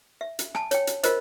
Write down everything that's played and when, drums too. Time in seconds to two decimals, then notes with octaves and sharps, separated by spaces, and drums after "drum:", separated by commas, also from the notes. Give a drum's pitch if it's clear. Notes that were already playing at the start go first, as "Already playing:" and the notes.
0.21 E5
0.39 drum: hi-hat
0.55 G#5 A5, drum: rim click
0.71 C#5 G5, drum: hi-hat
0.87 drum: hi-hat
1.03 F4 A#4 C5 D#5, drum: hi-hat